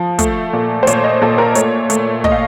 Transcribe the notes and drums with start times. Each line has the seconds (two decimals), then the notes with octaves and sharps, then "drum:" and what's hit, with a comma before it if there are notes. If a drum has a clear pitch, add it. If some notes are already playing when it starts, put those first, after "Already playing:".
Already playing: F3
0.19 A3, drum: kick, hi-hat
0.53 A#2
0.83 C5
0.87 A#2 C#5, drum: hi-hat
1.04 D#5
1.22 A#2 A4
1.38 A#4
1.55 A3 C#5, drum: hi-hat
1.90 A3, drum: hi-hat
2.24 A3 D#5, drum: kick
2.32 F5